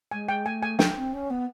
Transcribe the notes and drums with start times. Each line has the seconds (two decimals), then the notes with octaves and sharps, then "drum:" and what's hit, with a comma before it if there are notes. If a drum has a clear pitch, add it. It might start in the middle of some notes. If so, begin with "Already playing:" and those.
0.11 G#3 G#5
0.29 G5
0.45 A3 G#5
0.63 G#5
0.79 G5, drum: snare
0.96 C4
1.13 C#4
1.29 B3